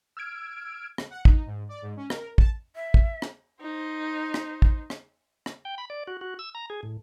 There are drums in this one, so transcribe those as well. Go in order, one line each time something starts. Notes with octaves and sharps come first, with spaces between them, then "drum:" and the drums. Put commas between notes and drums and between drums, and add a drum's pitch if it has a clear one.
E6 F6 G#6 D7
drum: rim click
F#5
D#4, drum: kick
G#2
D5
G#2
C#4
A#4, drum: rim click
A5, drum: kick
E5
drum: kick
drum: rim click
D#4 C5
drum: rim click
drum: kick
drum: rim click
drum: rim click
G5
B5
D5
F#4
F#4
E6
A#5
G#4
A2